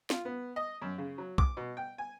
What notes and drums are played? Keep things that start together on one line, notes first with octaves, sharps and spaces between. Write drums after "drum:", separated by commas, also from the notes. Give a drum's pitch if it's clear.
F4, drum: snare
B3
D#5
F#2
C#3
F#3
D6, drum: kick
B2
G5
G#5